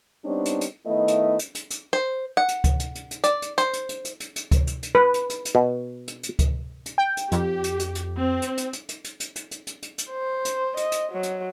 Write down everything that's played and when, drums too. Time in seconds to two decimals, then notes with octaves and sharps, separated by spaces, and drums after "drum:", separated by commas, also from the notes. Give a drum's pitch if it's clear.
0.25 G3 B3 C4 D4 D#4 C#5
0.45 drum: hi-hat
0.61 drum: hi-hat
0.86 D#3 A3 B3 E4 D#5
1.08 drum: hi-hat
1.39 drum: hi-hat
1.55 drum: hi-hat
1.70 drum: hi-hat
1.93 C5
2.37 F#5
2.48 drum: hi-hat
2.64 drum: kick C#2, hi-hat
2.80 drum: hi-hat
2.95 drum: hi-hat
3.11 drum: hi-hat
3.24 D5, drum: hi-hat
3.42 drum: hi-hat
3.58 C5, drum: hi-hat
3.73 drum: hi-hat
3.89 drum: hi-hat
4.05 drum: hi-hat
4.20 drum: hi-hat
4.36 drum: hi-hat
4.51 drum: kick C#2, hi-hat
4.67 drum: hi-hat
4.83 drum: hi-hat
4.95 B4
5.14 drum: hi-hat
5.30 drum: hi-hat
5.45 drum: hi-hat
5.55 B2
6.08 drum: hi-hat
6.23 drum: hi-hat
6.39 drum: kick C#2, hi-hat
6.86 drum: hi-hat
6.98 G5
7.17 drum: hi-hat
7.32 F2 G4, drum: hi-hat
7.64 drum: hi-hat
7.79 drum: hi-hat
7.95 drum: hi-hat
8.18 C4
8.42 drum: hi-hat
8.58 drum: hi-hat
8.73 drum: hi-hat
8.89 drum: hi-hat
9.04 drum: hi-hat
9.20 drum: hi-hat
9.36 drum: hi-hat
9.51 drum: hi-hat
9.67 drum: hi-hat
9.82 drum: hi-hat
9.98 drum: hi-hat
10.10 C5
10.45 drum: hi-hat
10.77 D#5, drum: hi-hat
10.92 drum: hi-hat
11.12 F#3
11.23 drum: hi-hat